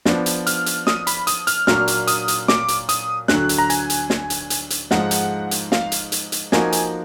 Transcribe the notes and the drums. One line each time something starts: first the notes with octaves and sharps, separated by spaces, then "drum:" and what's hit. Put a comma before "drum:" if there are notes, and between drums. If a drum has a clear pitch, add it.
F3 B3 D4, drum: snare
drum: hi-hat
F6, drum: hi-hat
drum: hi-hat
D#6, drum: snare
B5, drum: hi-hat
D#6, drum: hi-hat
F6, drum: hi-hat
A#2 F#3 A#3 D4 F6, drum: snare
drum: hi-hat
D#6, drum: hi-hat
drum: hi-hat
D6, drum: snare
drum: hi-hat
D#6, drum: hi-hat
D2 D3 F#3 F#6, drum: snare
drum: hi-hat
A#5
G#5, drum: hi-hat
drum: hi-hat
drum: snare
drum: hi-hat
drum: hi-hat
drum: hi-hat
G#2 F3 G#3 D#4 F#5, drum: snare
drum: hi-hat
drum: hi-hat
F5, drum: snare
drum: hi-hat
drum: hi-hat
drum: hi-hat
F3 A#3 D#4 F#4 A#4 G#5, drum: snare
drum: hi-hat